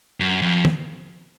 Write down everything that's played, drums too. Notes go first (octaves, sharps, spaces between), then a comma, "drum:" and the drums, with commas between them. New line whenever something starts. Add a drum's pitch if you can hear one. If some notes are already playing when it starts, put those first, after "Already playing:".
F#2
F2
drum: tom